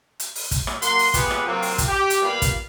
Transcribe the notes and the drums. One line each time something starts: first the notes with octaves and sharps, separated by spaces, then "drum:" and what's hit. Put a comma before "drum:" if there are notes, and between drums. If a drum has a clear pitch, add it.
drum: hi-hat
drum: open hi-hat
drum: kick, hi-hat
drum: rim click
F#3 A#3 F#5 C6, drum: hi-hat
drum: open hi-hat
B3 F4 G4 G#4 B4, drum: kick, hi-hat
drum: rim click
C3 F#3 A#3 C4 F4
drum: open hi-hat
drum: kick, hi-hat
G4
drum: hi-hat
B2 G3 A#3 F4 F5 B5
drum: kick, hi-hat